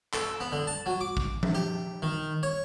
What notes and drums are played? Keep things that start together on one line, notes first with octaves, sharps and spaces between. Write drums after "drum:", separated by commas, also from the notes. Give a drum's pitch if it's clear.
A4, drum: clap
B3
D3
A5
F#3
D6
drum: kick
drum: tom F3
G4
D#3
C#5